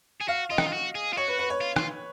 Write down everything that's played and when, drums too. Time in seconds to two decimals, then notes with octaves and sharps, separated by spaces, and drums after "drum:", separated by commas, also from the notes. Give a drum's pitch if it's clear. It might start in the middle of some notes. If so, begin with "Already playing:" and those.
0.21 G#4
0.28 F#4 F5
0.51 F4 D#5
0.58 D#4, drum: rim click
0.65 F4
0.73 F#4
0.95 G#4
1.13 F4
1.17 F#4 C#5
1.28 B4
1.39 B4
1.50 C#5
1.61 F4
1.76 F4, drum: rim click